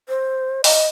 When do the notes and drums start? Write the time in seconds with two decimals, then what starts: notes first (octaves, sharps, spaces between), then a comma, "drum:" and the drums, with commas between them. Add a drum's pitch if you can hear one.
0.09 C5
0.64 D#5, drum: open hi-hat